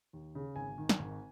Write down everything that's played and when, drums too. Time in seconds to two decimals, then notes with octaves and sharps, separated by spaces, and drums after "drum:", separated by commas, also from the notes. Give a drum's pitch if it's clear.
0.13 D#2
0.35 C#3
0.56 G#1 G#5
0.78 D#3
0.89 drum: snare
0.99 G#1